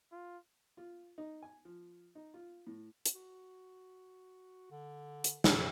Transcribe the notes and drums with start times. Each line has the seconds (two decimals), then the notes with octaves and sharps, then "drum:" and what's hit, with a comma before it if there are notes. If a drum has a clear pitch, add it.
0.12 F4
0.77 F4
1.18 D#4
1.43 G#5
1.65 F3
2.15 D#4
2.34 F4
2.67 A2
3.06 drum: hi-hat
3.15 F#4
4.71 D3
5.24 drum: hi-hat
5.44 drum: snare